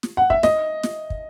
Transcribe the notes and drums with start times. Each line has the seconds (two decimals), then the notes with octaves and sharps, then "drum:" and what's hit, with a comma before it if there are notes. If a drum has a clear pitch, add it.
0.03 drum: snare
0.17 F#5
0.30 E5, drum: kick
0.43 D#5, drum: snare
0.83 drum: snare
1.10 drum: kick